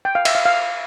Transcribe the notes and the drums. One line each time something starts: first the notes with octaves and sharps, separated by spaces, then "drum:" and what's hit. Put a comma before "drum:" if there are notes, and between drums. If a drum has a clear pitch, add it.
G5
F5
E5, drum: cymbal
F5
F5